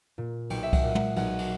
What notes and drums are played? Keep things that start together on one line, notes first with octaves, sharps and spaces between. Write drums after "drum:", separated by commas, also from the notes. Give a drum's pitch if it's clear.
A#2
B1 G5, drum: cymbal
E5
F#5, drum: kick C2, cymbal
A#2
F#5, drum: tom
B1 F#5, drum: cymbal
drum: cymbal